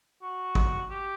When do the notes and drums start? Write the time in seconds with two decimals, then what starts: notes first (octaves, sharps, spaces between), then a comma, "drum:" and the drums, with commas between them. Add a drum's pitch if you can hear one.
0.22 F#4
0.55 drum: kick
0.90 G4